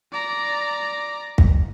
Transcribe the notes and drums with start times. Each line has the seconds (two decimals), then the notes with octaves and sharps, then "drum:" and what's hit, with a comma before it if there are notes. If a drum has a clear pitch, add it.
0.12 D5 A#5
1.38 drum: kick